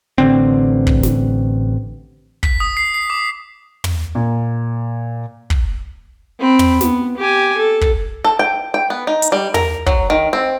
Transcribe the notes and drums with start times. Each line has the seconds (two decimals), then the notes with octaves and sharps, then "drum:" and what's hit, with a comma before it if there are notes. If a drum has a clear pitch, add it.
0.18 A1 D3 C4
0.87 drum: kick
1.03 drum: snare
2.43 B6, drum: kick
2.60 D#6
2.77 C7
2.94 C7
3.10 D6
3.84 drum: tom
4.15 A#2
5.50 drum: kick
6.39 C4 B5
6.59 drum: tom
6.81 B3, drum: snare
7.17 G4 G#5
7.57 A4
7.81 drum: kick
8.24 A4
8.39 G5
8.74 G5
8.90 B3
9.07 D#4
9.22 drum: hi-hat
9.32 G3
9.54 A#4, drum: tom
9.87 F#3, drum: kick
10.10 D#3
10.33 C4